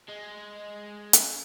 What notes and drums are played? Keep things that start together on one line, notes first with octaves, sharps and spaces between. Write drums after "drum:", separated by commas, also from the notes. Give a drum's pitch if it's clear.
G#3
drum: hi-hat